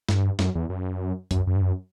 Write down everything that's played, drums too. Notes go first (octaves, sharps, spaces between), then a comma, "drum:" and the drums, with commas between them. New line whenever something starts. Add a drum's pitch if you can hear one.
G2, drum: snare
F#2, drum: snare
E2
F#2
F#2, drum: kick B1, hi-hat
F#2
G2
F#2